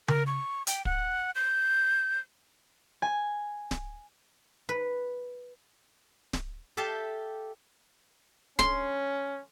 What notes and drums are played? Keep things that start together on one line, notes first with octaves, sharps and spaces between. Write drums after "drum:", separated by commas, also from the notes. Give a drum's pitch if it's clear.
A#4, drum: tom C#3
C#6
G5, drum: hi-hat
F#5, drum: kick
G6
G#5
drum: snare D1
B4
drum: snare D1
G4 A4 E5 F5 G5 A5
C#4 C6, drum: snare D1